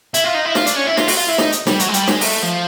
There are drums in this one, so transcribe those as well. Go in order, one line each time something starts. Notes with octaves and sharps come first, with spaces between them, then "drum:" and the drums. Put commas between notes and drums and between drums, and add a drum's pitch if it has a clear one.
E4, drum: hi-hat
F4
D#4
E4
F4, drum: snare
D4, drum: hi-hat
C#4
E4
F4, drum: snare
F#4, drum: open hi-hat
F4
E4
D#4, drum: snare
drum: hi-hat
G3, drum: snare
F#3, drum: hi-hat
G#3
G3, drum: hi-hat
G#3, drum: snare
A3, drum: open hi-hat
F3